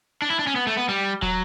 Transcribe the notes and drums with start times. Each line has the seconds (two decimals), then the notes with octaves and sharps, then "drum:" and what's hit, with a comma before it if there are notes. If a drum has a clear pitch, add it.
0.22 D4
0.30 E4
0.39 D4
0.47 C#4
0.56 B3
0.67 A3
0.77 B3
0.89 G3
1.22 F#3, drum: kick